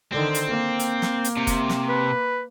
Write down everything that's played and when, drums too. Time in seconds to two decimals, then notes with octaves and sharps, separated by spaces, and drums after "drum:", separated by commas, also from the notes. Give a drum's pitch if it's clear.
0.12 D3 D#3 C4
0.35 drum: hi-hat
0.48 A#3
0.80 drum: hi-hat
1.02 drum: snare
1.25 drum: hi-hat
1.37 C3
1.47 drum: kick F1, hi-hat
1.70 drum: snare
1.89 B4